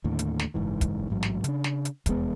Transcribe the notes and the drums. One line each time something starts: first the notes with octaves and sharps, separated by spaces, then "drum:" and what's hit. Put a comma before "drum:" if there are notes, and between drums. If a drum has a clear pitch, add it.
D#2 A2 D3
drum: hi-hat
drum: snare
F#1 G#2 E3
drum: kick, hi-hat
A1 G#2 F#3
drum: snare
C#3 D4, drum: hi-hat
drum: snare
drum: hi-hat
F1 E2 G#3 B3, drum: kick, hi-hat